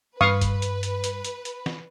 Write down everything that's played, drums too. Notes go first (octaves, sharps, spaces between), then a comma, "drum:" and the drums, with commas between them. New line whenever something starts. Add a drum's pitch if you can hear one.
G2 B4 F5 C#6 D#6, drum: snare
drum: kick, hi-hat
drum: hi-hat
drum: hi-hat
drum: hi-hat
drum: hi-hat
drum: hi-hat
drum: snare